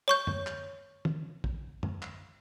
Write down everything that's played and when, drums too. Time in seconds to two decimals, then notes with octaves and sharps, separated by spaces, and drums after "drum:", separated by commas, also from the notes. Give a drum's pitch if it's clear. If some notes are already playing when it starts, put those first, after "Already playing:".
0.08 C#5 C#6 G6
0.27 drum: tom
0.47 drum: clap
1.05 drum: tom
1.44 drum: kick
1.83 drum: tom
2.02 drum: clap